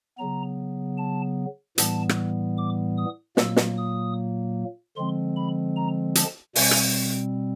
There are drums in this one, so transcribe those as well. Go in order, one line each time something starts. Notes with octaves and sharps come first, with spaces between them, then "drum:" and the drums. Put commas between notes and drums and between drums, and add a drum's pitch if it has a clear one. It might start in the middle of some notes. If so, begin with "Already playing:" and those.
C#3 F#3 B3 A#5
A5
A2 E3 G3 B3 A5, drum: hi-hat
drum: rim click
D6
D#6
A#2 F#3 A#3 E6, drum: snare
drum: snare
D#6
D3 F3 G#3 C4 C6
B5
A#5
A5, drum: hi-hat
B2 G3 C4 G#5, drum: open hi-hat
drum: rim click